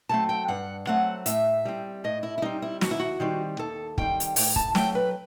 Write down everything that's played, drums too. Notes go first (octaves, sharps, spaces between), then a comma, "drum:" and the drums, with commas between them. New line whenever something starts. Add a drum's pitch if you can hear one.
F#3 A3 C4 A5
G5
G2 F#5
F#3 A3 C4 F#5
A2 E5, drum: hi-hat
G3 C4
A2 D#5
E4
E4
G3 C4 D#4
E4
D#2 F#4, drum: snare
E4
F#4
D#3 G3 C4
D#2 A4
D#3 G3 C4 G5, drum: kick
drum: hi-hat
A2 G5, drum: open hi-hat
A5, drum: kick
F#3 A3 G5, drum: snare
B4